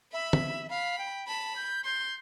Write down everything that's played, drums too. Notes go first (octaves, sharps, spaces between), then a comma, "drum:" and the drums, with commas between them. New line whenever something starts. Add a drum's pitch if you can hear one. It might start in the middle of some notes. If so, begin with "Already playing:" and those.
E5 B5
drum: tom
F5 B5
G5
A5 B5
G6
C6 G6